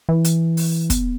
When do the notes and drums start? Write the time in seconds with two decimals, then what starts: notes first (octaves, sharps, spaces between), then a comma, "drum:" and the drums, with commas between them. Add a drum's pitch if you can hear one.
0.09 E3
0.24 drum: hi-hat
0.57 drum: open hi-hat
0.90 B3, drum: kick, hi-hat